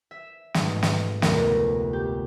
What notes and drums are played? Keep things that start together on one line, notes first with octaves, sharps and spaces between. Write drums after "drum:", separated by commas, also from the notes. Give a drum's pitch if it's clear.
E5
G#2 B2 G#3 A3, drum: snare
drum: snare
F1 D2 A3 B3 A#4 A#6, drum: snare
G4